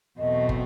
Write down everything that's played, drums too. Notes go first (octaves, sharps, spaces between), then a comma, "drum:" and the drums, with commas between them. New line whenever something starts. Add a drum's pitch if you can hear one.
E2 B2 F#3 A3 C4 D#5
drum: kick